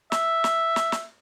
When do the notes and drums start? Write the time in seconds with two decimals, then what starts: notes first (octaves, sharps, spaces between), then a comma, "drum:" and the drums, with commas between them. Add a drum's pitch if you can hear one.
0.12 E5, drum: snare
0.44 drum: snare
0.76 drum: snare
0.92 drum: snare